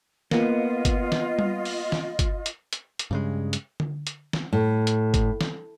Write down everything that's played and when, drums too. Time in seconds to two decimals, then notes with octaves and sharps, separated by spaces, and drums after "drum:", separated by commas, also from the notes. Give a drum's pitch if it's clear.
0.31 A#3 B3 F4 D#5, drum: snare
0.85 drum: kick, hi-hat
1.12 drum: snare
1.39 drum: tom G3
1.65 drum: open hi-hat
1.92 drum: snare
2.19 drum: kick, hi-hat
2.46 drum: hi-hat
2.73 drum: hi-hat
2.99 drum: hi-hat
3.11 G2 C#3 G#3
3.53 drum: hi-hat
3.80 drum: tom D3
4.07 drum: hi-hat
4.33 drum: snare
4.53 A2
4.87 drum: hi-hat
5.14 drum: kick, hi-hat
5.41 drum: snare